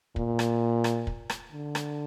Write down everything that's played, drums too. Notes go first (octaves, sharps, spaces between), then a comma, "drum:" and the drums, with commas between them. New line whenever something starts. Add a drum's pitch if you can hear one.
A#2, drum: kick
drum: rim click
drum: rim click
drum: kick
drum: rim click
D3
drum: rim click